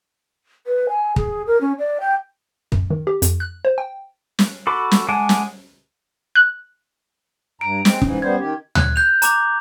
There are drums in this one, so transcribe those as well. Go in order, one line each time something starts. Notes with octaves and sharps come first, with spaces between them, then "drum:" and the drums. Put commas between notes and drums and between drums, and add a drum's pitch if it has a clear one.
B4
G#5
G#4, drum: kick
A#4
C#4
D5
G5
F#2, drum: kick
D#3
G4
F2, drum: hi-hat
F#6
C5
G5
drum: snare
F#4 A4 B5 D6
drum: snare
G#3 F#5 G#5 A5 D6
drum: snare
F#6
G2 A#5 D7
G#3 C4, drum: snare
G#2 E3 C#4, drum: kick
G3 B3 C5 G#6
D#3 G4
F#6 G#6, drum: tom D2
G6 F7
A#5 D6 F7, drum: hi-hat